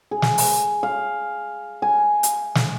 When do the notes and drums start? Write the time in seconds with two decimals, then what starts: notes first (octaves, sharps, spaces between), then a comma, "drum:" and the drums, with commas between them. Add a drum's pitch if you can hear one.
0.11 G#4
0.22 drum: snare
0.38 drum: open hi-hat
0.83 F5
1.82 G#5
2.23 drum: hi-hat
2.55 drum: snare